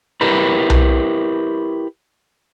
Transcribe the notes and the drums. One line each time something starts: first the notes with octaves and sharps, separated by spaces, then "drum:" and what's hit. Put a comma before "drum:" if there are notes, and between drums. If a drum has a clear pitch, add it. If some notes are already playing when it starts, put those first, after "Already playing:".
E4 G4 A#4 B4
drum: tom B1